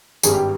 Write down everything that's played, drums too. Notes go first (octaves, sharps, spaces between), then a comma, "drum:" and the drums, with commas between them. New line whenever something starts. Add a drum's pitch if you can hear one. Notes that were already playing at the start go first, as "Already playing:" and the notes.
G#1 G2 G3 G#4, drum: tambourine
G4